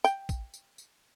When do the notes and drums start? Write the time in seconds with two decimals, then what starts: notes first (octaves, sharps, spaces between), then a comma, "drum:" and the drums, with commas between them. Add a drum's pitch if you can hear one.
0.04 G5, drum: tambourine
0.29 drum: kick A#1, tambourine
0.54 drum: tambourine
0.78 drum: tambourine